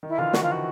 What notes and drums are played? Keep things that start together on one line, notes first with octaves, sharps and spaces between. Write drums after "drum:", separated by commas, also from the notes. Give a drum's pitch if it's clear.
D#3
E4
D3 E3 F4
D#3 F3 F#4, drum: snare
F4
F#4